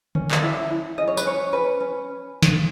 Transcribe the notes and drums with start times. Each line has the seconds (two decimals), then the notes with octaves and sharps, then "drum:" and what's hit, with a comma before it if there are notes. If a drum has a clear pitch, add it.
0.15 C#4, drum: tom D3
0.31 drum: clap
0.42 E4 E5
0.70 E4
0.98 C#4 D#5
1.07 C#5
1.17 B4, drum: tambourine
1.25 C#4 C#5
1.53 C#4 B4
1.80 C#4
2.42 drum: snare